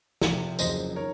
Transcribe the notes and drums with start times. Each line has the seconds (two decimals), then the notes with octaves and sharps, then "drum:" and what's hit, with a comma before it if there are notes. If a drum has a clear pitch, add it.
0.22 F1 F2 C3, drum: snare
0.59 F#1 F2 C#3 F#3 C5 D#5, drum: tambourine
0.96 D#3 A#4 C#5